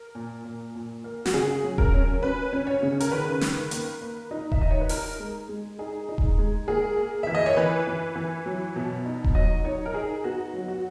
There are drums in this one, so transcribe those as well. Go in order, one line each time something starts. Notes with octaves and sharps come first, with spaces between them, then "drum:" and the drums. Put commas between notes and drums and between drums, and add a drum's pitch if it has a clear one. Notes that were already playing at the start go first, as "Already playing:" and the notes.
Already playing: A#4
A#2
A#2
A#2
A#3
F#4, drum: snare
C#3 G#4
F#3
A#4, drum: kick D#1
C#4
C#4 B4
C#4
C#5
C#3
A#4, drum: hi-hat
D#3 B4
D#3, drum: snare
A#3, drum: hi-hat
A#3
D#4
E5, drum: kick D#1
D#3 D#5
C#5
B4
D#4 A#4, drum: open hi-hat
G#3
G#3
D#4 G#4
D#4
drum: kick D#1
G#3
A#3 G#4
A#3
E3 E5
D#5
C#5
E3 B4
E3
E3
F#3
B2
D#4
drum: kick D#1
F#3 D#5
D#4 C#5
A#4
D#4 G#4
B3 F#4
F#3
F#4